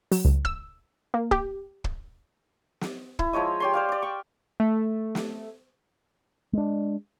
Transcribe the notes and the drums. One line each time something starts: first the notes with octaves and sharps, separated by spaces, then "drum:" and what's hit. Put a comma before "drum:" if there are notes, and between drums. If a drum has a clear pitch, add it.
F#3, drum: open hi-hat
C#2
E6, drum: kick
A#3
G4, drum: kick
drum: kick
drum: snare
E4, drum: kick
F3 G#3 C#5 D#5
G4 C#5 C6
C5 D5 F5
D5 D6
G5 C#6
A3
drum: snare
G#3 D4